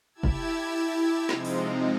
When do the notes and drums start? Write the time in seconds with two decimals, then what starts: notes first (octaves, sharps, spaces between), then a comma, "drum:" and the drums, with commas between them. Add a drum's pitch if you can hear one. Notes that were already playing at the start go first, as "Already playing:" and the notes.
0.13 E4 G4 A5 E6 G#6
0.23 drum: kick F1
1.29 C3 F3 G#3 C4 D#4, drum: snare
1.45 drum: open hi-hat